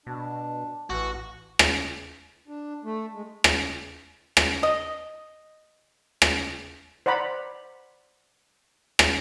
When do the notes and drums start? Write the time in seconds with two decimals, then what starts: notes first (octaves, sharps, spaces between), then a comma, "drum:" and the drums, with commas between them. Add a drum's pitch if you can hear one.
0.06 B2 D4
0.90 A1 E3 F#4
1.59 drum: rim click
2.48 D4
2.84 A3
3.14 G#3
3.44 drum: rim click
4.37 drum: rim click
4.63 D#5
6.22 drum: rim click
7.06 C5 D5 F#5 A#5 B5
8.99 drum: rim click